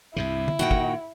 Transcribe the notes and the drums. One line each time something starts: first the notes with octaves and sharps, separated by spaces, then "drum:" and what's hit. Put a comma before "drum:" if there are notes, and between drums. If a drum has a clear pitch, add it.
C2 G2 C3 E4
drum: tom D3
A#2 D#3 F#4 F#5 G5
drum: kick